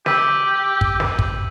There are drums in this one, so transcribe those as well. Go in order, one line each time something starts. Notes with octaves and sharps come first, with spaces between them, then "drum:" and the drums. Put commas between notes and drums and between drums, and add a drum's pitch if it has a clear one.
G4 E6 B6 D#7, drum: snare
drum: kick
drum: snare
drum: kick